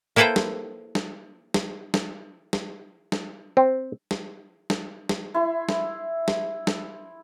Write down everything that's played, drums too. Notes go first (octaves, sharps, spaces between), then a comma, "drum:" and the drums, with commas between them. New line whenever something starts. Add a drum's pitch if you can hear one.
A#3 E4 A4 B4 C5 G5
drum: snare
drum: snare
drum: snare
drum: snare
drum: snare
drum: snare
C4
drum: snare
drum: snare
drum: snare
E4 C6
drum: snare
drum: snare
drum: snare